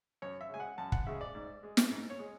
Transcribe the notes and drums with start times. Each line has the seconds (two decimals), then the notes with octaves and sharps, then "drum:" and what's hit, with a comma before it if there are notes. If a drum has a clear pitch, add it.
0.22 F#2 C#5
0.41 E5
0.50 C#3 G#3 G#5
0.60 F#5
0.78 F#2 A5
0.92 F#5, drum: kick
1.07 C#3 G#3 E5
1.21 D5
1.35 G#2
1.63 G#3
1.77 drum: snare
1.91 G#2
2.10 C#5
2.19 G#3